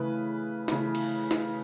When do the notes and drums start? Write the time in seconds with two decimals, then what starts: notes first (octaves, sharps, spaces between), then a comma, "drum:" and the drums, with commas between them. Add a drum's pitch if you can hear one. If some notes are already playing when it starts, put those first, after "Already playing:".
Already playing: C#3 E3 A3 B4
0.68 C#3 E3 A3, drum: snare
0.95 drum: cymbal
1.31 drum: snare